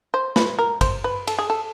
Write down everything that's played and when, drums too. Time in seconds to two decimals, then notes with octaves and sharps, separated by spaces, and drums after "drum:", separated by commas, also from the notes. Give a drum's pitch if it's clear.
0.14 C5
0.36 B4, drum: snare
0.59 A#4
0.81 C5, drum: kick, cymbal
1.04 B4
1.27 A4, drum: cymbal
1.38 G#4
1.50 A4